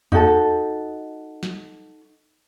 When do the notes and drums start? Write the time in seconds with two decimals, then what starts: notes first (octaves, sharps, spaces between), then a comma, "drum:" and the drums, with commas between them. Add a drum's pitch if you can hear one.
0.12 D#4 F#4 A4 A5, drum: tom E2
1.43 drum: snare